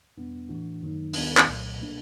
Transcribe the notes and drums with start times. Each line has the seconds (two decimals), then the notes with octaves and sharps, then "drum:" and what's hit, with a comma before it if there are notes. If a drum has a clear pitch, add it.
0.17 E2 B2 G3 B3 D4
0.49 A2 E3 A3 D4 F#4
0.81 F#2 D#3 F#3 A#3 D#4
1.13 D#2 D#3 G3 B3 D4, drum: open hi-hat
1.37 drum: clap
1.46 C2 A#2 F#3 A3
1.78 B2 G3 A#3 D4